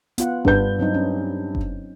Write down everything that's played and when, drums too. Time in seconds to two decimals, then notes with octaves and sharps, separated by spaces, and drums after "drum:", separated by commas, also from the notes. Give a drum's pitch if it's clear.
0.18 B3 F4 F#5, drum: hi-hat
0.45 G2 B4 G6, drum: kick F#1
0.79 F#3 C4 D#4
0.94 C#4
1.55 drum: kick F#1